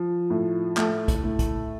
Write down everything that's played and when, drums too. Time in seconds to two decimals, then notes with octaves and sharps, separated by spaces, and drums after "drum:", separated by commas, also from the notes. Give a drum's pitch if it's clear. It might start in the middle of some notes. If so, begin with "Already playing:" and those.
Already playing: F3
0.30 A2
0.77 A3, drum: clap
1.08 drum: kick, hi-hat
1.24 A2
1.39 drum: kick, hi-hat